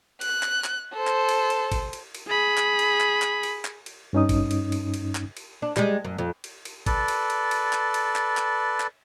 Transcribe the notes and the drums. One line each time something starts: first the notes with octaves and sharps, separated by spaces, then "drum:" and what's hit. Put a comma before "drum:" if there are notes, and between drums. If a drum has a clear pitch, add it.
F#6, drum: cymbal
drum: clap
drum: clap
A4 C5
drum: clap
drum: cymbal
drum: cymbal
drum: kick, cymbal
drum: cymbal
drum: cymbal
G#4 B5
drum: clap
drum: cymbal
drum: clap
drum: clap
drum: cymbal
drum: clap
drum: cymbal
G2 C#4 D#4 D#6
drum: kick, cymbal
drum: cymbal
drum: cymbal
drum: cymbal
drum: clap
drum: cymbal
D4
G3 G#3, drum: clap
F#2
F2
drum: cymbal
drum: cymbal
A4 B4 D5, drum: kick, cymbal
drum: cymbal
drum: cymbal
drum: cymbal
drum: clap
drum: cymbal
drum: clap
drum: clap
drum: clap